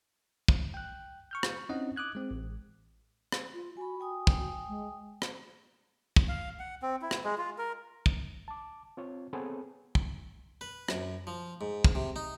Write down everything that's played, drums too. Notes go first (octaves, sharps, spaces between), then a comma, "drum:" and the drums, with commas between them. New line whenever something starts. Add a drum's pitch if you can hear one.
drum: kick
G5 F#6
C#6 F6 G6
drum: rim click
C4 C#4 D#4 E4 D#5 F#5
D6 D#6 F#6 G#6
G#3 C4
A1
drum: rim click
F4
F#4 G#5 B5
G5 G#5 D#6
drum: kick
G#3
drum: rim click
drum: kick
F5
F#5
C4
E4
drum: rim click
G#3
F4
A#4
drum: kick
A5 D6
C4 F4 C#5
B3 C4 G#4 A4 B4 C#5
drum: kick
B4
F#2, drum: rim click
F3
G#2
drum: kick
C3
D#4